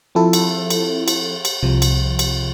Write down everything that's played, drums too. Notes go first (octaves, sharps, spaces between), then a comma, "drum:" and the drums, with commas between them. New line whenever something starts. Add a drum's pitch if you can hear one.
F3 C4 E4 A4
drum: cymbal
drum: cymbal
drum: cymbal
drum: cymbal
C2 C3 F3
drum: cymbal
drum: cymbal